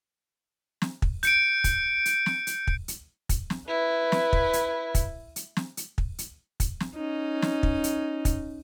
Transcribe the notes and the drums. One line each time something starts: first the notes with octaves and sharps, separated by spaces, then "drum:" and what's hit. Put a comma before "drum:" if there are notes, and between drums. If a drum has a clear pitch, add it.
drum: snare
drum: kick
G6 C#7 D7, drum: hi-hat
drum: kick, hi-hat
drum: hi-hat
drum: snare
drum: hi-hat
drum: kick
drum: hi-hat
drum: kick, hi-hat
drum: snare
E4 B4
drum: snare
drum: kick
drum: hi-hat
drum: kick, hi-hat
drum: hi-hat
drum: snare
drum: hi-hat
drum: kick
drum: hi-hat
drum: kick, hi-hat
drum: snare
C#4 D#4
drum: snare
drum: kick
drum: hi-hat
drum: kick, hi-hat